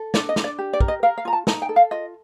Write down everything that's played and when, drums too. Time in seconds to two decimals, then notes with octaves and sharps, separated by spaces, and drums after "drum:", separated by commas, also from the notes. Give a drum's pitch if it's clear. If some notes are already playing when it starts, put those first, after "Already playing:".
Already playing: A4
0.14 D4 D5, drum: snare
0.29 D#5
0.36 D4, drum: snare
0.44 D5
0.58 G4
0.73 D5
0.81 A#4, drum: kick
0.88 D#5
1.03 A#4 F5
1.18 F5
1.25 F4 A#5
1.33 A5
1.47 D#4 A5, drum: snare
1.62 G5
1.69 A4
1.76 F5
1.91 F4 D#5